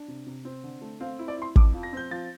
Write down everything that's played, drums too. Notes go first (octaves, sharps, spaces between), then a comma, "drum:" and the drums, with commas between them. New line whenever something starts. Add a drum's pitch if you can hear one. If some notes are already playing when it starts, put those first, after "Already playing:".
Already playing: D4
C3
C3
C4
D3
A3
C4 F5
E4
D5
E4 C6
F2 D6, drum: kick
F3
A#6
C4 G6
F3 A6